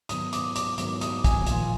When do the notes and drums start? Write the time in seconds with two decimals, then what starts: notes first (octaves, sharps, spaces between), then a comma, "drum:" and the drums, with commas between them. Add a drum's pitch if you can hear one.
0.09 G#2 D#3 F#3 B3 D#6, drum: hi-hat
0.33 D6, drum: hi-hat
0.56 D6, drum: hi-hat
0.78 G#2 D#3 F#3 B3 D6, drum: hi-hat
1.01 D#6, drum: hi-hat
1.24 G#5, drum: kick, hi-hat
1.46 A#2 F3 A#3 F4 G#5, drum: hi-hat